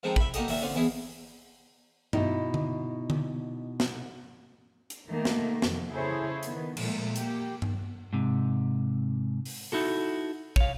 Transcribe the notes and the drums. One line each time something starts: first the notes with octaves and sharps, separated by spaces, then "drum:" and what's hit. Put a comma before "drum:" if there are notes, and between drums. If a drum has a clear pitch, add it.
D#3 F3 G#3 C4 A4 A#4
E5 B5, drum: kick
A#3 D#4 F#4 G4 A4 D#5, drum: hi-hat
D#2 A#2 F#4 E5, drum: open hi-hat
D3 C4 C#4 F4
E2 B2 E3 E4 G#4
B2 D#4 E4, drum: tom G2
drum: tom D3
drum: tom D3
drum: snare
drum: hi-hat
D#3 A3 A#3
drum: snare
F2 D#3 F3, drum: snare
C#3 E4 G#4 A4 C5 C#5
D#3 B3, drum: hi-hat
A#2 F3 G#3 A3, drum: cymbal
A#3 G4, drum: hi-hat
drum: tom G2
G#2 C3
drum: open hi-hat
D#4 E4 F#4 A4
C#5 F5, drum: kick